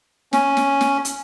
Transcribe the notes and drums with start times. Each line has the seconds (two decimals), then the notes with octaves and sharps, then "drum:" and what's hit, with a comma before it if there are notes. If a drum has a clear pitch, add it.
0.33 C#4, drum: snare
0.57 drum: snare
0.81 drum: snare
1.05 drum: hi-hat